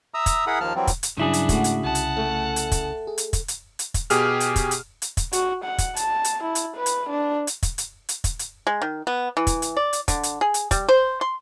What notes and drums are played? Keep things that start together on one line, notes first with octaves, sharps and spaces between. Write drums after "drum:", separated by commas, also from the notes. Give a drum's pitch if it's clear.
E5 A#5 D#6 E6
drum: kick, hi-hat
E4 G#4 A#4 F#5 B5 D#6
D#2 F3 A#3 A5 F6
E3 F#3 G3 C4
drum: kick, hi-hat
drum: hi-hat
G2 C#3 F#3 D4 E4 G#4
drum: hi-hat
G#2 A3 F#4, drum: kick, hi-hat
drum: hi-hat
C2 F#5 A5
drum: hi-hat
A3
drum: hi-hat
drum: kick, hi-hat
G#4
drum: hi-hat
drum: kick, hi-hat
drum: hi-hat
drum: hi-hat
drum: kick, hi-hat
B2 G4 G#4 F6, drum: hi-hat
drum: hi-hat
drum: kick, hi-hat
drum: hi-hat
drum: hi-hat
drum: kick, hi-hat
F#4, drum: hi-hat
F#5
drum: kick, hi-hat
A5, drum: hi-hat
drum: hi-hat
E4
drum: hi-hat
B4
drum: hi-hat
D4
drum: hi-hat
drum: kick, hi-hat
drum: hi-hat
drum: hi-hat
drum: kick, hi-hat
drum: hi-hat
G#3
D#3
B3
E3
drum: kick, hi-hat
drum: hi-hat
D5
drum: hi-hat
D3, drum: kick, hi-hat
drum: hi-hat
G#4
drum: hi-hat
G3, drum: kick, hi-hat
C5
C6